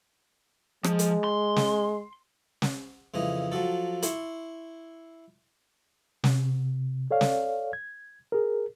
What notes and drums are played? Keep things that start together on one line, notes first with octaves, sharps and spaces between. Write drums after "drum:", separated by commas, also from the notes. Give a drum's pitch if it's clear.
F3 G#3, drum: rim click
drum: hi-hat
C6
drum: snare
drum: snare
F2 C#3 E3 D#5
F3 F#3 F#4 A4
E4 C6 C#6, drum: hi-hat
C3, drum: snare
A4 C#5 D5 F5
drum: snare
G#6
G#4 A#4